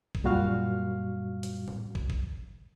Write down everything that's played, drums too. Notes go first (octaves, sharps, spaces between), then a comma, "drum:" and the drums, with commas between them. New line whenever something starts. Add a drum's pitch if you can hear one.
drum: kick
F#2 A#2 G3 F#4 F5 F6
drum: hi-hat
drum: tom A2
drum: kick
drum: kick